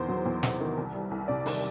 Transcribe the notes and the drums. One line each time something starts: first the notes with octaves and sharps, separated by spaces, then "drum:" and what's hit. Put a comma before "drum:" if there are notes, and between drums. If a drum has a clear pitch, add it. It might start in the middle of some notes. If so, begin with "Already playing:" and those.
Already playing: E2 D#3 C5
F#3
E2
C3, drum: snare
D#3
C2
G3
C2
C3 D5
D#3, drum: open hi-hat